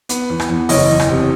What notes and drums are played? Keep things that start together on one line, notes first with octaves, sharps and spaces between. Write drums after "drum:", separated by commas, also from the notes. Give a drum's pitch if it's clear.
B3, drum: hi-hat
E2
drum: rim click
E2
F#1 C#5 D#5, drum: open hi-hat
E2
drum: rim click
C3